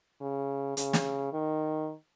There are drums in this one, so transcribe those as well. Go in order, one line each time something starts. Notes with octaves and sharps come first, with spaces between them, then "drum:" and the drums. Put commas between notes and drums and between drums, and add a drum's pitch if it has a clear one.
C#3
C#3, drum: hi-hat
drum: snare
D#3